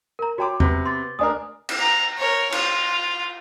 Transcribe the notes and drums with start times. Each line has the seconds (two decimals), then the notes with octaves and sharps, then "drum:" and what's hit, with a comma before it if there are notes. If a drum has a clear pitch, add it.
0.19 A#4 A#5
0.38 F#4 C#5 G5 A#5 C6 D6
0.60 C3 B3, drum: tom
0.86 C6 D6 A6
1.19 D2 D4 A#4 G#5 D#6
1.69 drum: cymbal
1.79 A#5
2.17 A#4 C#5
2.52 F4, drum: cymbal